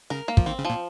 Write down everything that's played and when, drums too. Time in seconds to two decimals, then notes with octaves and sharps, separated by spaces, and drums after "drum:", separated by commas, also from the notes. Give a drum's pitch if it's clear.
0.10 C#3 A#4
0.28 A#3
0.37 F3, drum: kick
0.46 D#3 C4
0.59 C#3
0.65 F3
0.70 A#2